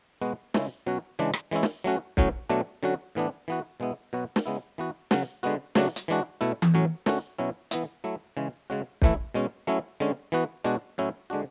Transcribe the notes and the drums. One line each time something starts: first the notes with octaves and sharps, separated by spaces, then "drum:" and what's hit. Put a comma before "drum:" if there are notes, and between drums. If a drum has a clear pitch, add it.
B2 G#3 B3 F#4
C#3 G#3 C#4 E4, drum: snare
B2 F#3 C#4 F#4
C#3 E3 G#3 D4
drum: rim click
E3 G#3 C#4 E4
drum: snare
F#3 A3 C#4 F#4
A2 F#3 C#4, drum: kick
B2 F#3 A3 D4
D3 F#3 C#4 F#4
A2 E3 B3 D4
E3 B3 F#4
B2 G#3 B3 E4
B2 F#3 B3 F#4
drum: snare
C#3 G#3 B3 E4
E3 B3 F#4
C#3 F#3 C#4 F#4, drum: snare
D3 G#3 B3 F#4
C#3 F#3 A3 D4 F#4, drum: snare
drum: hi-hat
E3 G#3 D4 F#4
B2 A3 E4
drum: tom E3
A2 F#3 C#4
D3 A3 C#4 F#4, drum: snare
B2 F#3 C#4 E4
E3 B3 E4, drum: hi-hat
F#3 A3 E4
C#3 E3 G#3 C#4
C#3 G#3 C#4 F#4
A2 E3 A3 E4, drum: kick
B2 G#3 C#4
F#3 A3 C#4 E4
D3 G#3 C#4
E3 B3 F#4
B2 G#3 D4 F#4
A2 F#3 C#4 E4
D3 G#3 D4 F#4